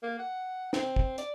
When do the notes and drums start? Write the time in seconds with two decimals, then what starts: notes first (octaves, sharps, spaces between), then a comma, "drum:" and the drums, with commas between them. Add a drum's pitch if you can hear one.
0.03 A#3
0.19 F#5
0.73 C4, drum: snare
0.96 drum: kick
1.18 D5, drum: hi-hat